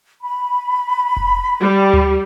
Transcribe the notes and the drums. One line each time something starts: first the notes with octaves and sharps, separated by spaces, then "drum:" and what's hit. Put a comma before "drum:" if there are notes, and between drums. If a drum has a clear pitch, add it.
B5
drum: kick F1
G3
drum: tom D2